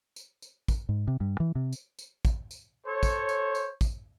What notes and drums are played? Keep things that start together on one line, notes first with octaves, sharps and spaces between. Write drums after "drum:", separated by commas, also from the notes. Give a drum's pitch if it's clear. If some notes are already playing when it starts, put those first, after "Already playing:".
drum: tambourine
drum: tambourine
drum: kick, tambourine
G#2
C3
G2
E3
C3
drum: tambourine
drum: tambourine
drum: kick, tambourine
drum: tambourine
A4 C5 C#5
drum: kick, tambourine
drum: tambourine
drum: tambourine
drum: kick, tambourine